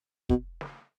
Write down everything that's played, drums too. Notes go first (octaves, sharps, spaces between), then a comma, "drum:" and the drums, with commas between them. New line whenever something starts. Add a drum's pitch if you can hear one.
B2, drum: kick
drum: snare